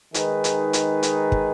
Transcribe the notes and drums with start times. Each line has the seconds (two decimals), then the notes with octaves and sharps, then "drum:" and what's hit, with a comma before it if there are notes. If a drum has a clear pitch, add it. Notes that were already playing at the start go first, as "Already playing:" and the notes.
0.14 D#3 G#3 D#4 G#4 B4, drum: hi-hat
0.44 drum: hi-hat
0.73 drum: hi-hat
1.03 drum: hi-hat
1.32 drum: kick